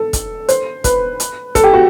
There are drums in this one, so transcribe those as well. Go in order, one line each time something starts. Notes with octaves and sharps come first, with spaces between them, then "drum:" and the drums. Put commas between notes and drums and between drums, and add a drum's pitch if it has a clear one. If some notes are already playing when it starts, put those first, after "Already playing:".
Already playing: A4
drum: kick, hi-hat
C5, drum: hi-hat
B4, drum: kick, hi-hat
drum: hi-hat
A4, drum: kick, hi-hat
G4
F#4